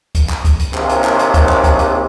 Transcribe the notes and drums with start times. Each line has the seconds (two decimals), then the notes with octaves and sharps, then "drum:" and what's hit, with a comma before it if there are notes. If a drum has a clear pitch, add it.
0.15 drum: kick C#2, hi-hat
0.30 drum: clap
0.45 drum: kick C#2, hi-hat
0.59 drum: hi-hat
0.74 A#1 D#2 C3, drum: clap
0.89 drum: hi-hat
1.04 drum: clap
1.19 drum: hi-hat
1.34 drum: kick C#2, hi-hat
1.49 drum: clap
1.64 drum: kick C#2, hi-hat
1.79 drum: hi-hat